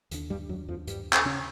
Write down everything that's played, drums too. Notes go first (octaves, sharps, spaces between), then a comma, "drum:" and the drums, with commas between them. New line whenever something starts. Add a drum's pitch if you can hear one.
D#2 D3, drum: hi-hat
G2 G3
F#2 F#3
F2 F3
G2 G3, drum: hi-hat
drum: clap
C#3 C#4